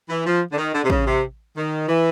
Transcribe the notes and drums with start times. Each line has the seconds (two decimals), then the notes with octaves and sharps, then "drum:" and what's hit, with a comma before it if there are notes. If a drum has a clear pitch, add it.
0.09 E3
0.26 F3
0.52 D3
0.58 D#3
0.74 D3
0.84 C3
0.90 C#3, drum: kick
1.07 C3
1.55 D#3
1.88 E3